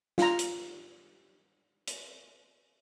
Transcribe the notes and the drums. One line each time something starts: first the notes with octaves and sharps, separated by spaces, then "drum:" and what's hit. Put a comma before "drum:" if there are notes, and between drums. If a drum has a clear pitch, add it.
F4 A#5, drum: snare
drum: hi-hat
drum: hi-hat